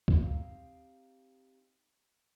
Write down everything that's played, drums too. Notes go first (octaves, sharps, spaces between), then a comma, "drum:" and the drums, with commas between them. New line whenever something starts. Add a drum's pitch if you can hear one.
drum: kick C#2
C4 D#4 G4 F5